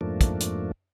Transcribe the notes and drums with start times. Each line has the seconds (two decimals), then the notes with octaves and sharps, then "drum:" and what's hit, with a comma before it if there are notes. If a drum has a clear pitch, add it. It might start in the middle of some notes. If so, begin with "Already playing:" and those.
0.01 F2 G#2 F3 A3 A#3 D4
0.21 drum: kick, hi-hat
0.40 drum: hi-hat